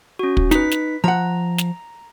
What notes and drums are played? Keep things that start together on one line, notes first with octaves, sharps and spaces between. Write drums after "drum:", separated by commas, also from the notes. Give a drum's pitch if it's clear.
C#4 F#4
drum: kick
D#4 B4 B6, drum: snare
drum: snare
F3 F#5 A#5
drum: snare